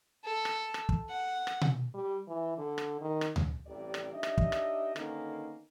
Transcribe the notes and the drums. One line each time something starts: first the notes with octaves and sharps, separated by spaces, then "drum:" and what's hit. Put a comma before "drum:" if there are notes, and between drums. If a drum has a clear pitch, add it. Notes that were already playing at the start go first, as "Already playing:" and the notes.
A4
drum: rim click
drum: rim click
drum: kick
F#5
drum: rim click
drum: tom B2
G3
E3
D3
drum: rim click
D#3
drum: rim click
drum: tom D2
A1 G2 C3 G3 D5
drum: rim click
D4 D#4 G4 D#5 E5
drum: rim click
drum: kick
drum: rim click
D3 D#3 A#3 B3 C#4 D#4, drum: rim click